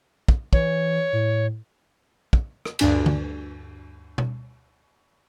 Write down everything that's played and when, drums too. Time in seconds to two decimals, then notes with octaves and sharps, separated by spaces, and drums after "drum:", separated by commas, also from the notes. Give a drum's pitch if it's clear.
0.28 drum: kick
0.53 E3 C#5, drum: kick
1.13 A2
2.33 drum: kick
2.65 drum: rim click
2.79 D2 G2 D4 G#5 D7, drum: cymbal
3.06 drum: tom
4.18 drum: tom B2